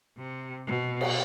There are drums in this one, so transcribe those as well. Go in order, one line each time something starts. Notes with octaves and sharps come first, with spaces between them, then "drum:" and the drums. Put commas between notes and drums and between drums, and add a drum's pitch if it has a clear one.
C3
B2
drum: cymbal